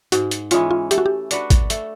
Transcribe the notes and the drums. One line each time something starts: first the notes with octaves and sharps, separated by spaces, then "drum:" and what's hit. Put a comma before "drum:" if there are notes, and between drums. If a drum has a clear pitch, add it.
G#2 F#4, drum: hi-hat
drum: hi-hat
E3 G#3 C#4 F4, drum: hi-hat
F4
A3 G4, drum: hi-hat
F#4
G4
D4 F#4 B4, drum: hi-hat
drum: kick, hi-hat
A3, drum: hi-hat